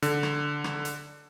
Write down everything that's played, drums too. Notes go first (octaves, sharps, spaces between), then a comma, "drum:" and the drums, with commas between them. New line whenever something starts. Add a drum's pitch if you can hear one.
D3, drum: hi-hat
drum: rim click
drum: rim click
drum: hi-hat